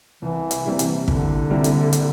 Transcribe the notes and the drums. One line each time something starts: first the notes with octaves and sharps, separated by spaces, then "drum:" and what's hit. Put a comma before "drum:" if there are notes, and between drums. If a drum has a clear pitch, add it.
C2 E3
drum: hi-hat
C3 G3 A#3 E4
drum: hi-hat
C2 D3, drum: kick
C3 G3 A#3 E4
drum: hi-hat
drum: hi-hat